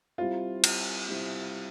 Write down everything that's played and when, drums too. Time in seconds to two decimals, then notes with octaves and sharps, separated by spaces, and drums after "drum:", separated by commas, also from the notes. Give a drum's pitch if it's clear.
0.18 G3 C4 E4 F4
0.64 drum: cymbal
1.09 G3 C4 E4